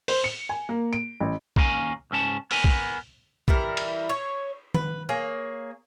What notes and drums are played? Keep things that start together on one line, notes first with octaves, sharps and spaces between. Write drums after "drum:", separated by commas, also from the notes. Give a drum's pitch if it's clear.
C5, drum: open hi-hat
C#7
G#5
A#3
D7
A1
D#2 A#3 C#4 A#4 G#5, drum: kick
C#2 G#2 C#4 A5
B3 A#4 G#5, drum: open hi-hat
drum: kick
E3 G3 E4 A#4, drum: kick
drum: cymbal
C#5
B4, drum: tom
A#3 G#4 C#5